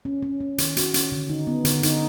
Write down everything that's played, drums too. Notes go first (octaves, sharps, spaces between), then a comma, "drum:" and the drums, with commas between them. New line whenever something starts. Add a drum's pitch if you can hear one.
C#4
C#4
C#4
D#3, drum: hi-hat
F#4, drum: hi-hat
C#4, drum: hi-hat
D3
D#4
B3
D3, drum: hi-hat
D#4, drum: hi-hat